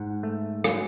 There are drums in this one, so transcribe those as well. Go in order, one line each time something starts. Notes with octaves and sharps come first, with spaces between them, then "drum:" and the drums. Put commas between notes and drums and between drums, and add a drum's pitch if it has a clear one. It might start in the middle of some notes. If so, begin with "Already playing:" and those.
Already playing: G#2 F#5
A3
F#3 G#5, drum: rim click